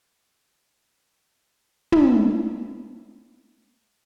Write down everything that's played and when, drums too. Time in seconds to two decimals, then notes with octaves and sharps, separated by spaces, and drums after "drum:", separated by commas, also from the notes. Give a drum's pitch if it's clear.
0.17 G#2
0.83 A2
1.16 B2
1.92 drum: tom
2.83 B2